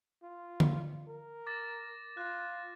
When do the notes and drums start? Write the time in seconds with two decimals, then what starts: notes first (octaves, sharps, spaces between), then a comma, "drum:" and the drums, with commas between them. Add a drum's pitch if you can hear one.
0.23 F4
0.60 drum: tom D3
1.07 A#4
1.46 D6 A6 A#6
2.17 F4 F#6